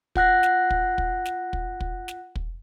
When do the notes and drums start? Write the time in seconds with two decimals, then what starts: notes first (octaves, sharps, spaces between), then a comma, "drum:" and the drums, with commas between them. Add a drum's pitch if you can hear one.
0.15 F4 F#5 F#6 A#6, drum: kick
0.43 drum: snare
0.70 drum: kick
0.98 drum: kick
1.25 drum: snare
1.53 drum: kick
1.80 drum: kick
2.08 drum: snare
2.35 drum: kick